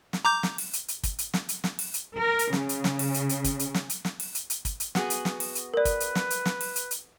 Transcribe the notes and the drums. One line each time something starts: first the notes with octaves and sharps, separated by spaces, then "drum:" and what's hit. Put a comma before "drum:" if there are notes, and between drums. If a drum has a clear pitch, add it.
drum: snare
A#5 D6 G6
drum: snare
drum: open hi-hat
drum: hi-hat
drum: hi-hat
drum: kick, hi-hat
drum: hi-hat
drum: snare
drum: hi-hat
drum: snare
drum: open hi-hat
drum: hi-hat
A#4
drum: hi-hat
C#3, drum: snare
drum: hi-hat
drum: snare
drum: open hi-hat
drum: hi-hat
drum: hi-hat
drum: kick, hi-hat
drum: hi-hat
drum: snare
drum: hi-hat
drum: snare
drum: open hi-hat
drum: hi-hat
drum: hi-hat
drum: kick, hi-hat
drum: hi-hat
B3 F#4 G#4, drum: snare
drum: hi-hat
drum: snare
drum: open hi-hat
drum: hi-hat
A#4 B4 D5
drum: kick, hi-hat
drum: hi-hat
drum: snare
drum: hi-hat
drum: snare
drum: open hi-hat
drum: hi-hat
drum: hi-hat